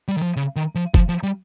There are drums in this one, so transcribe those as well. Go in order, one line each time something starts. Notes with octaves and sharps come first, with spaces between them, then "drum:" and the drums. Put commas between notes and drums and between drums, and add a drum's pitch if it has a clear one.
G3
D#3
F3
C#3
D#3
F3
F3, drum: kick F#1
F3
G3